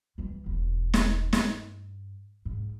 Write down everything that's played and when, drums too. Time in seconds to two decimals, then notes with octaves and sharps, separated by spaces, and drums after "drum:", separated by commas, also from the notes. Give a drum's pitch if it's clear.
0.18 E3 G3
0.46 E1 E2
0.94 drum: snare
1.33 G2, drum: snare
2.45 G#2